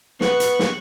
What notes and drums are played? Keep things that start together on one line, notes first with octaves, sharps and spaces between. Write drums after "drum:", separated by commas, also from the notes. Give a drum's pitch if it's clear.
B3 C#6 F#6, drum: snare
drum: hi-hat
drum: snare